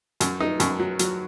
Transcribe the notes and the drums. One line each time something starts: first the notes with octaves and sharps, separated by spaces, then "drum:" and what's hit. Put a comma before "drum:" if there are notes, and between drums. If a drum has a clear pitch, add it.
F#2, drum: hi-hat
D#4
F#2, drum: hi-hat
F#3
F#3, drum: hi-hat